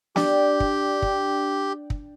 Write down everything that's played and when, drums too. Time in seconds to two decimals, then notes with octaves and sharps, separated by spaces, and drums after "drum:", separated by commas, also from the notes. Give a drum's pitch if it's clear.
0.16 D4 G4 D5 G5, drum: snare
0.60 drum: kick
1.02 drum: kick
1.90 drum: kick